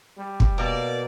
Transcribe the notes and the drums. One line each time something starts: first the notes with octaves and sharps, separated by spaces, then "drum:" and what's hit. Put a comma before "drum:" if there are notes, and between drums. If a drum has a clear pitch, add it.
G3
drum: kick
B2 A#3 A#4 D5